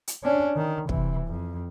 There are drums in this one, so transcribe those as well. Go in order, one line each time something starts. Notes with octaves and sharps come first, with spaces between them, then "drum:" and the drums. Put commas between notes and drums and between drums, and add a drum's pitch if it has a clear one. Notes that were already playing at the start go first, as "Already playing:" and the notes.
drum: hi-hat
C#4 D4
D#3
C3 E3, drum: kick
F2